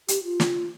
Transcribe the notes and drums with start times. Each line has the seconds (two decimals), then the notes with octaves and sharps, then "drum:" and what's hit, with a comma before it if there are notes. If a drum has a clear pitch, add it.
0.08 G4, drum: hi-hat
0.24 F4
0.40 drum: snare